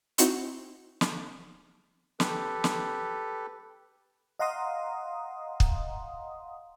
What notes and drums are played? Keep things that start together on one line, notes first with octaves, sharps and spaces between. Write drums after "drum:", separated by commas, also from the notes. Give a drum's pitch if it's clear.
C4 D#4 E4 F#4 F#5 C6, drum: hi-hat
drum: snare
G4 A4 B4, drum: snare
drum: snare
D#5 F5 F#5 A#5 C6 D#6
drum: kick